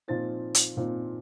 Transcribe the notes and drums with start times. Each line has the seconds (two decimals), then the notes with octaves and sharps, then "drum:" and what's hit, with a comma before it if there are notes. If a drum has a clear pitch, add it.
0.08 A#2 F3 C4 D#4 A6
0.55 drum: hi-hat
0.77 A#2 F3 C4 D#4